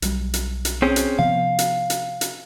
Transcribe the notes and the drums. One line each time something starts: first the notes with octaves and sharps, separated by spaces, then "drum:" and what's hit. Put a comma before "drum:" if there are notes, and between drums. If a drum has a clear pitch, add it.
B1 G3, drum: hi-hat
drum: hi-hat
drum: hi-hat
C4 C#4 G#4
drum: hi-hat
C3 F3 B3 F5
drum: hi-hat
drum: hi-hat
drum: hi-hat